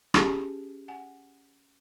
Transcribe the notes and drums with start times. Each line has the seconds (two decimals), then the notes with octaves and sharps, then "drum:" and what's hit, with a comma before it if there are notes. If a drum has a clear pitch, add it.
0.14 C#4 G4 G#4 G#5, drum: rim click
0.88 F#5 G#5